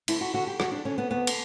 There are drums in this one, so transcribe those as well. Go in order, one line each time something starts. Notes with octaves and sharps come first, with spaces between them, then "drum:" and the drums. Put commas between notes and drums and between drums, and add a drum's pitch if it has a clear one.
D2 E4, drum: cymbal
F#4
D3 F#4
G4
D2 F#4, drum: rim click
D4
D3 C#4
B3
D2 B3
drum: cymbal